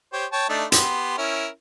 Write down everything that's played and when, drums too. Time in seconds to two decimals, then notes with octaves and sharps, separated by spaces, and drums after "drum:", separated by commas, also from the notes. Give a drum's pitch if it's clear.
0.13 G4 C5 C#5
0.33 C#5 G5 A5
0.49 A3 D4 D#4
0.72 B3 G4 C6, drum: hi-hat
1.18 C#4 E4 A#4